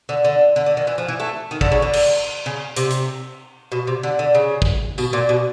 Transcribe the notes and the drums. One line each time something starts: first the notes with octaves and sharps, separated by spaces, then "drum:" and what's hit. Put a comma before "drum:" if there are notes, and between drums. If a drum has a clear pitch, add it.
D3
D3
D3
D3
D#3
E3
F3
E3
A3
D#3
D3, drum: kick
C#3
D3
drum: cymbal
C#3
C3, drum: hi-hat
drum: hi-hat
B2
C3
D3
D3
C#3
drum: kick
B2, drum: tambourine
A#2
B2